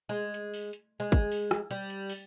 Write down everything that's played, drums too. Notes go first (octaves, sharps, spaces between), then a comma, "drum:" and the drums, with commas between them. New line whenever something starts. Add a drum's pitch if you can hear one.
G#3
drum: hi-hat
drum: open hi-hat
drum: hi-hat
G#3
drum: kick, hi-hat
drum: open hi-hat
drum: rim click
G3, drum: hi-hat
drum: hi-hat
drum: open hi-hat